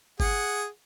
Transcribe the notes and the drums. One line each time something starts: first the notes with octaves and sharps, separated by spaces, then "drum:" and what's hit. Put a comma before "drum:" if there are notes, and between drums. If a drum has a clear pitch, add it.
G#4 F#5, drum: kick G1